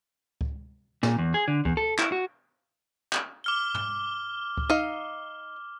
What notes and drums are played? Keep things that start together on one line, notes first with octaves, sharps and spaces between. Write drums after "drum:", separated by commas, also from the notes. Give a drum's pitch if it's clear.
drum: kick C#2
A#2, drum: snare
E2
G#4
D3
E2, drum: kick C#2
A4
E4, drum: clap
F#4
drum: clap
D6 F6 G7
drum: tom
drum: kick C#2
D#4 F5